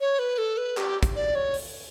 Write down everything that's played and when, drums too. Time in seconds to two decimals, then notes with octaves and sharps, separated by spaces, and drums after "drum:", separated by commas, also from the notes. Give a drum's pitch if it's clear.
0.01 C#5
0.19 B4
0.38 A4
0.57 B4
0.77 G4, drum: clap
1.03 drum: kick, hi-hat
1.16 D5
1.35 C#5
1.54 drum: open hi-hat